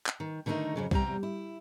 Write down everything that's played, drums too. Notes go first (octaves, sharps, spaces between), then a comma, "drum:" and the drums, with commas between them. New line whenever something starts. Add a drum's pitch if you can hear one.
drum: clap
D#3
D3 D#3 A3 D4 D#4 A#4
F2 C#3 F#3
E2 C3 G3 G5 A#5, drum: kick B1
E4